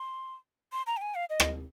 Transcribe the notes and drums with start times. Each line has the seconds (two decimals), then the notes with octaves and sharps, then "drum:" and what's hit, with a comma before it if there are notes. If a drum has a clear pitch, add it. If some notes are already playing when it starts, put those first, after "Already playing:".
Already playing: C6
0.72 C6
0.87 A#5
0.97 G5
1.02 G#5
1.15 F5
1.30 D#5
1.40 drum: rim click